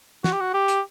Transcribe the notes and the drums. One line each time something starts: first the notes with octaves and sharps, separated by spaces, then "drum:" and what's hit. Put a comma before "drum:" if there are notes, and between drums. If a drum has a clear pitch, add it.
F#4, drum: snare
G4
F#4
G4
drum: hi-hat